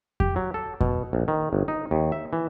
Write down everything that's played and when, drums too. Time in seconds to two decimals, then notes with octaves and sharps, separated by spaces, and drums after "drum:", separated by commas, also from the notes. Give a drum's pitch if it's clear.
0.20 G4, drum: kick F2
0.36 F#3
0.54 A4
0.81 B2, drum: kick F2
1.13 A#1
1.28 D#3
1.53 G1
1.68 D#4
1.91 D#2
2.12 E5
2.33 E3